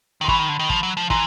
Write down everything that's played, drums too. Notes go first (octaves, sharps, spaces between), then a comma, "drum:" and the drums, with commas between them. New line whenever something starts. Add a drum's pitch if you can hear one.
D#3
C6
E3 B5 C#6, drum: kick
D#3
D3
D#3
F3, drum: kick
F#3
F3
E3 A#5 C6, drum: kick